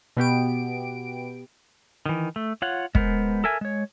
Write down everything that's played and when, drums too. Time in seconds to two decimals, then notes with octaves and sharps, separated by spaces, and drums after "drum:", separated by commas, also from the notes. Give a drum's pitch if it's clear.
0.17 B2 B3 G4 D7
2.06 D#3 E3
2.36 A3
2.62 F4 C#5 F#5
2.95 G#3 B3 A#4 C5, drum: kick
3.44 A4 A#4 E5 G#5
3.61 G#3 C#5